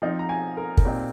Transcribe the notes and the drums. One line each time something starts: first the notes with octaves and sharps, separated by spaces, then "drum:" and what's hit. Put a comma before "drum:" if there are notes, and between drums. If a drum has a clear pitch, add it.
F3 C4 D#4
A#5
G#5
A#4
A#4, drum: kick
A#2 G3 C4 D#4